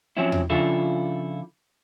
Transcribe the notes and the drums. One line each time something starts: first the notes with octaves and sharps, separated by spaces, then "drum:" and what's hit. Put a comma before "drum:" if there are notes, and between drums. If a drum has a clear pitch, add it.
F3 F#3 C4 C#4 E4
drum: tom E2
C#3 F3 D4 E4 F4 A4